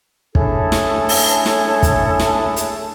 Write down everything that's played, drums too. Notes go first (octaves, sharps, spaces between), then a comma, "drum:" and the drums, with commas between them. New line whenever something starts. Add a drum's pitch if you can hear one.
A3 C#4 D4 E4 G#4 A4, drum: kick
drum: snare
drum: open hi-hat
drum: snare
drum: kick, hi-hat
drum: snare
drum: hi-hat